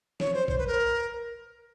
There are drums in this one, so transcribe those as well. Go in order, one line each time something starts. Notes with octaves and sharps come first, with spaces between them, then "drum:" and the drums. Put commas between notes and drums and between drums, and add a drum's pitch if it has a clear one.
C#5, drum: snare
C5
C5, drum: kick A#1
B4
A#4